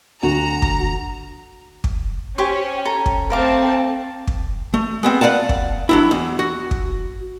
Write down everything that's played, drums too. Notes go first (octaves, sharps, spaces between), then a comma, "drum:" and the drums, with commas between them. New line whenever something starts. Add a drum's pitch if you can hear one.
D2 F#4 F#5 A#5
drum: kick
drum: kick
C#4 G4 C5 C#5
A4 A#5
drum: kick
A3 C4 A#4 F5 A5 D6
drum: kick
A3
G#3 B3 C4
B4 D5 F5 F#5 A5
drum: kick
F#3 D4 E4
E2
F#4
drum: kick